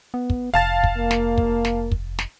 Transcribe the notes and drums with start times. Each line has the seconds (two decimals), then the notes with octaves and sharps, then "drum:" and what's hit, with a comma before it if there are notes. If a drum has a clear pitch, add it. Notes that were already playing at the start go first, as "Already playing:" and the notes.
0.14 B3
0.30 drum: kick
0.54 F1 F5 A5 A6
0.84 drum: kick
0.97 A#3
1.11 drum: snare
1.38 drum: kick
1.65 drum: snare
1.92 drum: kick
2.19 drum: snare